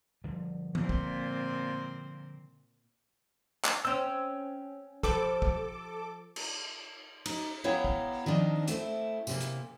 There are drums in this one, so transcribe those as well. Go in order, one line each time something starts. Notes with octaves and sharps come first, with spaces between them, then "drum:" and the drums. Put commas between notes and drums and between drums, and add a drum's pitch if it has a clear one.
D3 F3 G3
A#2 C4, drum: tom E3
drum: kick
drum: clap
C#4 C5 G5 E6
F3 G4 A4 B4 D6, drum: kick
drum: kick
drum: cymbal
D#4, drum: cymbal
B3 E4 C#5 F5 G5 A#5
drum: kick
D#3 F3 C4 D4 D#4
A3 C4 E4, drum: hi-hat
C3 E3 A#3, drum: tambourine
drum: hi-hat